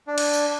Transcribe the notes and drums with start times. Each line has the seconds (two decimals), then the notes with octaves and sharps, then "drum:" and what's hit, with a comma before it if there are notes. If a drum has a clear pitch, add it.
0.07 D4
0.18 drum: cymbal
0.33 drum: tambourine